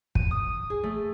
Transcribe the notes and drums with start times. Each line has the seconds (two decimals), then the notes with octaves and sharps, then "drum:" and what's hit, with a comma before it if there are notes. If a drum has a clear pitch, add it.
0.15 D#7, drum: kick
0.31 D#6
0.70 G#4
0.83 A3